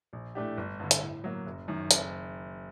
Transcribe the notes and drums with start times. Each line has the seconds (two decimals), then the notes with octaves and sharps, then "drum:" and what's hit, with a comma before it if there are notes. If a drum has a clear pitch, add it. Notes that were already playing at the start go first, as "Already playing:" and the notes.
0.13 A#1
0.35 A2 A3 D4 G4
0.57 G1
0.80 G2 D3
0.91 drum: hi-hat
1.02 A2
1.24 F#3 A#3
1.46 F#1
1.68 F#2 D#3
1.91 F#1, drum: hi-hat